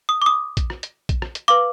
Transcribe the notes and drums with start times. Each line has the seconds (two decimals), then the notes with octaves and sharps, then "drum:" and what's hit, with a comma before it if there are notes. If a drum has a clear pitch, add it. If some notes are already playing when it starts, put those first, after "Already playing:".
0.09 D#6
0.22 D6
0.26 D#6
0.57 drum: kick A#1, hi-hat
0.70 drum: rim click
0.83 drum: hi-hat
1.09 drum: kick A#1, hi-hat
1.22 drum: rim click
1.35 drum: hi-hat
1.48 B4 F5 D6